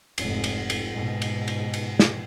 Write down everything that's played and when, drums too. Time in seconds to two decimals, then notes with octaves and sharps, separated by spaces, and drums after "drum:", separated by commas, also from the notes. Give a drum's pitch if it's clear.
0.18 F1 G#2, drum: cymbal
0.44 drum: cymbal
0.70 drum: cymbal
0.92 G#2 B2
1.22 drum: cymbal
1.48 drum: cymbal
1.74 drum: cymbal
2.00 drum: snare